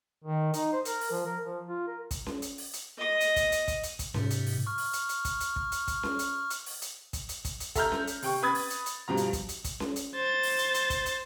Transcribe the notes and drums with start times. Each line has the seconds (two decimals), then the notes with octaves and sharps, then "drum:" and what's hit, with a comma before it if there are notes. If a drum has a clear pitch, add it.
0.24 D#3
0.54 D#4, drum: hi-hat
0.73 C5
0.85 A#4, drum: hi-hat
1.01 drum: open hi-hat
1.11 F3
1.26 A#4
1.45 F3
1.68 F4
1.87 A#4
2.11 drum: kick, hi-hat
2.26 drum: snare C#4
2.42 drum: hi-hat
2.58 drum: open hi-hat
2.74 drum: hi-hat
2.98 D#5 D#6
3.21 drum: hi-hat
3.36 drum: kick, hi-hat
3.52 drum: hi-hat
3.68 drum: kick, hi-hat
3.83 drum: hi-hat
3.99 drum: kick, hi-hat
4.14 G#2 C3, drum: snare C#4
4.31 drum: hi-hat
4.46 drum: open hi-hat
4.67 C#6 F6
4.78 drum: open hi-hat
4.93 drum: hi-hat
5.09 drum: hi-hat
5.25 drum: kick, hi-hat
5.41 drum: hi-hat
5.56 drum: kick
5.72 drum: hi-hat
5.88 drum: kick, hi-hat
6.03 drum: snare C#4
6.19 drum: hi-hat
6.50 drum: hi-hat
6.66 drum: open hi-hat
6.82 drum: hi-hat
7.13 drum: kick, hi-hat
7.29 drum: hi-hat
7.45 drum: kick, hi-hat
7.60 drum: hi-hat
7.75 A4 E5 A#5 F6 G6, drum: kick, hi-hat
7.92 drum: snare C#4
8.07 drum: hi-hat
8.22 C3 G5 C#6, drum: open hi-hat
8.43 B4 B5 D#6 G#6 A6
8.55 drum: open hi-hat
8.70 drum: hi-hat
8.86 drum: hi-hat
9.08 G2 B2 F3 A#5
9.17 drum: hi-hat
9.33 drum: kick, hi-hat
9.49 drum: hi-hat
9.65 drum: kick, hi-hat
9.80 drum: snare C#4
9.96 drum: hi-hat
10.15 C5 A6
10.43 drum: open hi-hat
10.59 drum: hi-hat
10.74 drum: hi-hat
10.90 drum: kick, hi-hat
11.06 drum: hi-hat